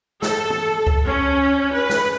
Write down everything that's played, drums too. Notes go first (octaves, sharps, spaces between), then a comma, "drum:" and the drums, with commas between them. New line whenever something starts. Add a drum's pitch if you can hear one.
A4, drum: snare
drum: tom
drum: kick C#2
C#4
B4
drum: snare